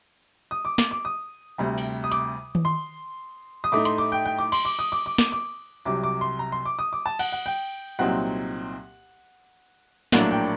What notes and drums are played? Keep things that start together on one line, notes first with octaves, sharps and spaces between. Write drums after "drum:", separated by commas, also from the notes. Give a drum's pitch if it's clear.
D#6
D6
D6, drum: snare
D6
D#6
D2 C3 G3
drum: open hi-hat
D#6
D6, drum: hi-hat
drum: tom D#3
C6
D#6
A2 A3 D#4 D6
C6, drum: hi-hat
D6
G5
G5
D6
C6, drum: cymbal
D6
D#6
D6
D6
D6, drum: snare
D6
C2 C3 F#3 D6
D6
C6
A#5
C6
D6
D#6
D6
A5
F#5, drum: cymbal
F#5
G5
C2 A#2 F#3 C4 D#4 F#5
A#1 A2 F#3 A#3 D4 F#5, drum: snare
G5